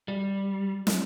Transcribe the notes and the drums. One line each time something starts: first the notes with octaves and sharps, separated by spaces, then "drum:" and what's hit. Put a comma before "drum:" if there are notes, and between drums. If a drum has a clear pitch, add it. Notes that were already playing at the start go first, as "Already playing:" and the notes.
G3
drum: snare